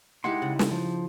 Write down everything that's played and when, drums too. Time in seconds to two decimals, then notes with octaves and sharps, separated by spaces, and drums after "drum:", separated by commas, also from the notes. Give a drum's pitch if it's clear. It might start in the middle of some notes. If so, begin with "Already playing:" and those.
0.24 G#3 D#4 E4 G4 F#5 C6
0.42 C#3
0.59 drum: snare
0.71 F3